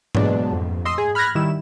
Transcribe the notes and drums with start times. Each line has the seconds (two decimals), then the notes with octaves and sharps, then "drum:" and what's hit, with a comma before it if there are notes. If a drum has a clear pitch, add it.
0.15 B2 F#3 G#3 B3 D4, drum: tom G#2
0.53 F2
0.85 D#5 C6 E6
0.98 G#4
1.15 B5 F6 F#6 G#6 A#6
1.35 D#3 G3 E4 E7